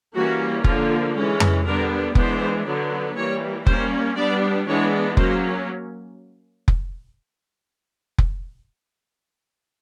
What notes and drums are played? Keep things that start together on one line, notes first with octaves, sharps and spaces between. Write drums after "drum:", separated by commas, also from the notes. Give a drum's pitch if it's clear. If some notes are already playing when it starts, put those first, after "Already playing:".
E3 G3 A#3 C#4 F#4
D3 F3 A#3 F4, drum: kick F1
E3 G#3 C#4
drum: tom F2
D3 G3 B3 D4 A#4
E3 G#3 B3 D4 C5, drum: kick F1
D3 F#3 B3
E3 G3 A#3 C#5
G3 A#3 C#4 C5, drum: kick F1
G3 B3 D4 D5
E3 G#3 B3 D4 C#5
F#3 A#3 C#4 C5, drum: kick F1
drum: kick F1
drum: kick F1